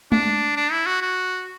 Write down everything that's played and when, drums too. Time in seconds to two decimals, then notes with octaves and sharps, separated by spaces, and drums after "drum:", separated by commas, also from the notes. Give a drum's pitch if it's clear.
0.12 D4, drum: tom G#3
0.57 D4
0.72 E4
0.87 F#4
1.02 F#4